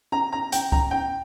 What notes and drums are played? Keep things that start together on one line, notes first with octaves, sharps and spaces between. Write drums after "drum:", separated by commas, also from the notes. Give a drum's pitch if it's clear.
A#5
A#5
G5, drum: hi-hat
A#5, drum: kick
G5